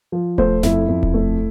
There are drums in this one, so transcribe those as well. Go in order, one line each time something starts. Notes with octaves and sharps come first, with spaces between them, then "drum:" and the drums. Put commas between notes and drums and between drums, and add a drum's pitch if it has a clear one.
F3
A3 C5, drum: kick D#1
F2 E4, drum: snare D#1
F2
drum: kick D#1
A3